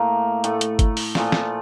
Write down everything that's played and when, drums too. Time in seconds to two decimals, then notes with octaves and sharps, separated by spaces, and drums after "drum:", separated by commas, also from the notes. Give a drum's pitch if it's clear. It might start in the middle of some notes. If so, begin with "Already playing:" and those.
Already playing: A2 A3 A#3
0.44 A2 A3, drum: hi-hat
0.61 drum: hi-hat
0.79 drum: kick G1, hi-hat
0.97 drum: open hi-hat
1.15 A#2 F3 A3, drum: snare
1.32 drum: snare